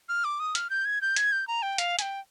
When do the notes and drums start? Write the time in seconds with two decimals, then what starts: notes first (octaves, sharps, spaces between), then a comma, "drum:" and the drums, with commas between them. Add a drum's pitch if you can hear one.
0.09 F6
0.24 D6
0.40 D#6
0.55 F6, drum: hi-hat
0.70 G6
0.85 G#6
1.01 G6
1.16 G#6, drum: hi-hat
1.32 G6
1.47 A#5
1.62 G5
1.78 F5, drum: hi-hat
1.99 G#5, drum: hi-hat
2.02 G5